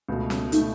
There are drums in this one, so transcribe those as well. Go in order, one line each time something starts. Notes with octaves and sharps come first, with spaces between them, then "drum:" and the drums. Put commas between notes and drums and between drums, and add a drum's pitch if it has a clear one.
C#2 B2 A3
drum: snare C#4
B2 A3 D#4, drum: hi-hat